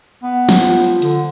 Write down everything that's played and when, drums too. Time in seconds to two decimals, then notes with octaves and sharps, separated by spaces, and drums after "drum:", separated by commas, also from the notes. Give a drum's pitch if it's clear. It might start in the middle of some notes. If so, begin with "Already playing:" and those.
0.23 B3
0.49 drum: snare
0.61 F3
0.84 drum: open hi-hat
1.02 D3, drum: hi-hat